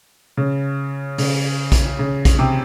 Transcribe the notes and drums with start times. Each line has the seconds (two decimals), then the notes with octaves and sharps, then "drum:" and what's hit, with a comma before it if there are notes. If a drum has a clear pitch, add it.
0.37 C#3
1.18 C#3, drum: open hi-hat
1.72 drum: kick A#1, hi-hat
1.99 C#3
2.25 drum: kick A#1, hi-hat
2.39 C3